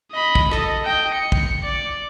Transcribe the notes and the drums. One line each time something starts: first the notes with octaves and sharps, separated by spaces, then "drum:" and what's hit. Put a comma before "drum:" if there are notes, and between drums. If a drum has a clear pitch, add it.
D#5 B5
drum: kick
A4 D#5, drum: rim click
D#5 G5
C#7
drum: kick
D5